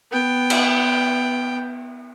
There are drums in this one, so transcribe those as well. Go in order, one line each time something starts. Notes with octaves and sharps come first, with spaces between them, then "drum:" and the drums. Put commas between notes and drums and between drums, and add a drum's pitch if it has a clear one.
B3 G5
drum: cymbal